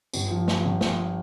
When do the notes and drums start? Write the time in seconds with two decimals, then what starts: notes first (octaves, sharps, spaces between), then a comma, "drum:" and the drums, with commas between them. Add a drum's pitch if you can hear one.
0.13 G1, drum: tambourine
0.30 F3
0.48 F3, drum: snare
0.64 G1
0.81 F3, drum: snare